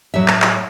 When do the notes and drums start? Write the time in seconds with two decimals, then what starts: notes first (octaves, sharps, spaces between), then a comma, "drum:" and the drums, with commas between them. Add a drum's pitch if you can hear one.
0.14 A2 F#3 E5
0.28 drum: clap
0.42 drum: clap